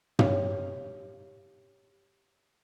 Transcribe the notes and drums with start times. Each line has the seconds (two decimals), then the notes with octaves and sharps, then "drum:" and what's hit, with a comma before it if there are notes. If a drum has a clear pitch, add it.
0.19 G4 C#5 F5, drum: tom